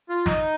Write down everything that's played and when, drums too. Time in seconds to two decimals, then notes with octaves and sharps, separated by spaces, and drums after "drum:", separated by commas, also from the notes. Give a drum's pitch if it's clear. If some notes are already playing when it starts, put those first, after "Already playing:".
0.09 F4
0.26 D#4, drum: snare